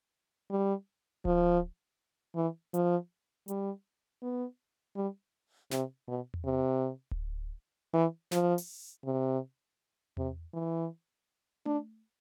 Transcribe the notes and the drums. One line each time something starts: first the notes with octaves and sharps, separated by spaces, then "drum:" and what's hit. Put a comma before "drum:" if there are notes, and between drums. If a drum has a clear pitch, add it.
G3
F3, drum: kick D1
E3
F3, drum: hi-hat
G3, drum: hi-hat
B3
G3
C3, drum: snare
B2
drum: tom E2
C3
drum: kick D1
E3
F3, drum: snare
drum: open hi-hat
C3
C3, drum: tom E2
E3
D4, drum: tom A3